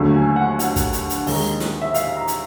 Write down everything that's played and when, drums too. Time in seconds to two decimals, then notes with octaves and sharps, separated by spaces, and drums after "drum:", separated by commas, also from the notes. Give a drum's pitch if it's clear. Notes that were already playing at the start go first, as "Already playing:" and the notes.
Already playing: D#2 D3 F#3 A3
0.14 G#5
0.36 F#5
0.59 F#5, drum: hi-hat
0.76 drum: kick, hi-hat
0.93 drum: hi-hat
1.10 drum: hi-hat
1.27 D#2 D#3 G#3, drum: open hi-hat
1.60 drum: snare
1.81 E5
1.94 F5, drum: hi-hat
2.17 A#5
2.28 drum: hi-hat